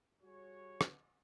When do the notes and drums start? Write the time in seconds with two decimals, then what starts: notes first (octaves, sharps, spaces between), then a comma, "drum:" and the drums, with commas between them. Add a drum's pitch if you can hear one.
0.23 G3 F#4 G#4 C#5
0.81 drum: rim click